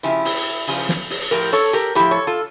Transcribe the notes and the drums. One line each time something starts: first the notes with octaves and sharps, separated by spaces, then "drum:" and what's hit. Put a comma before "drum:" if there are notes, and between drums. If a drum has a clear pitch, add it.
C#3 F3 E4 G4, drum: hi-hat
drum: open hi-hat
C#3 F3, drum: open hi-hat
drum: snare
drum: open hi-hat
A2 F3 G4 A#4
A4 C#5, drum: hi-hat
G4 A#4, drum: hi-hat
A2 F3 E4 G4, drum: hi-hat
A4 C#5
F4 A4